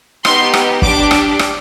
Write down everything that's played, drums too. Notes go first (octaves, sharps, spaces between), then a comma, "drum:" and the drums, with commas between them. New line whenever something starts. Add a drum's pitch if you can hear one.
B3 D#4 G4 C6, drum: rim click
drum: rim click
D4 G4 D6, drum: kick
drum: rim click
drum: rim click